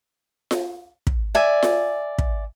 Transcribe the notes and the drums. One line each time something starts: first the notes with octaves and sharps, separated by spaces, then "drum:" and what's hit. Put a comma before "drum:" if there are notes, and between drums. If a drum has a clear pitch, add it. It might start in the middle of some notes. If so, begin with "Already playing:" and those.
drum: snare F4
drum: kick
D5 E5 G#5
drum: snare F4
drum: kick